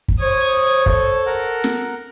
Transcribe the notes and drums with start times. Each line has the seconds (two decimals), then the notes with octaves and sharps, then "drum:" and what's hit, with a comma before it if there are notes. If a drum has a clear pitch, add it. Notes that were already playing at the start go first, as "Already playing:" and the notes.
0.08 drum: kick
0.20 C5 C#5 D#6 G#6
0.86 A4, drum: kick
1.26 A#4 F#5
1.64 drum: snare